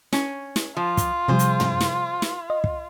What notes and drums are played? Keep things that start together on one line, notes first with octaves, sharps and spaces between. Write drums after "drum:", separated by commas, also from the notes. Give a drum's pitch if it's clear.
C#4, drum: snare
drum: snare
F3 F4
drum: kick, hi-hat
C3 F3 G3 G#4 C5
drum: hi-hat
drum: tom
drum: snare
drum: snare
D#5
drum: kick